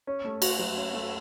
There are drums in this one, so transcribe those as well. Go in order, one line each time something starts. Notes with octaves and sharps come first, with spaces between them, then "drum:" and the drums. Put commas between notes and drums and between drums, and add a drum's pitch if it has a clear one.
C#4
A3
F#4, drum: cymbal
F#3
C#4
A3